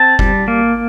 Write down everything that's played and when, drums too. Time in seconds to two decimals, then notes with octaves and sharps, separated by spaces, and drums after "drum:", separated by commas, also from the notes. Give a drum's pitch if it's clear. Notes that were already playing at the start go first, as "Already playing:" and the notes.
Already playing: C4 A5
0.19 G3, drum: kick F#1
0.48 A#3